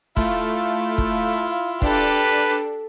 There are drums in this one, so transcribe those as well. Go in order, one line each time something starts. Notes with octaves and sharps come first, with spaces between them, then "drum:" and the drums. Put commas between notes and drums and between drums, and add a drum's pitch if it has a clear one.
A3 E4 F4 F5, drum: kick
drum: kick
D4 G4 A4 B4, drum: kick